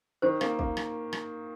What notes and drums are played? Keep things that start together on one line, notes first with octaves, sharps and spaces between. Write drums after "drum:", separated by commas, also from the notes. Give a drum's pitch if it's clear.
D#3 C5
A#3, drum: rim click
A#3, drum: kick
drum: rim click
drum: rim click